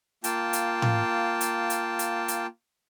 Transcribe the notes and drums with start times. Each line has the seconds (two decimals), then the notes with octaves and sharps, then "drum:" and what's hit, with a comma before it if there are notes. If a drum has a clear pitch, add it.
0.24 A#3 F4 G5 A5, drum: hi-hat
0.53 drum: hi-hat
0.82 drum: tom A2
1.41 drum: hi-hat
1.70 drum: hi-hat
1.99 drum: hi-hat
2.28 drum: hi-hat